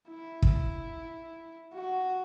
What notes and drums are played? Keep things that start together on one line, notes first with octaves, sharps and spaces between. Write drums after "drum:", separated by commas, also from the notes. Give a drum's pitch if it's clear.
E4
drum: kick
F#4